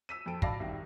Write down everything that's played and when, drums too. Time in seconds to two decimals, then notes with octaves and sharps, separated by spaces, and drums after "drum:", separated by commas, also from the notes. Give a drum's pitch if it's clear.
0.09 E6 B6 D#7
0.26 F2 A4 D7
0.42 D5 F5 A5 B5 A#6 C7, drum: kick
0.60 C2 D#3